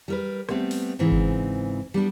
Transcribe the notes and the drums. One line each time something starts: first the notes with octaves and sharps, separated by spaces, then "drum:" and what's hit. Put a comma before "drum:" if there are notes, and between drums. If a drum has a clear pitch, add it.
G3 A#4 B4
G3 A3 B3 C4, drum: rim click
drum: open hi-hat
G#2 C#3 E3 C4 D#4
drum: kick G1
G3 B3 D4